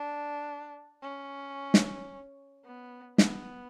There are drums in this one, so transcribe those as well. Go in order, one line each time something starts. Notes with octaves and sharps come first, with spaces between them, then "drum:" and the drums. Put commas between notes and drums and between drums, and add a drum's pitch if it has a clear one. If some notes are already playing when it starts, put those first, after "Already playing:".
Already playing: D4
C#4
drum: snare
B3
B3, drum: snare